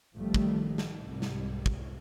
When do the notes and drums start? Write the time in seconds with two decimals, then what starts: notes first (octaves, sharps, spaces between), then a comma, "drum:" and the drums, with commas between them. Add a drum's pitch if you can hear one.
0.15 A1 D#3 F3 G3 A3
0.34 drum: kick
0.78 drum: snare
1.00 C2 G#2 G3
1.22 drum: snare
1.66 drum: kick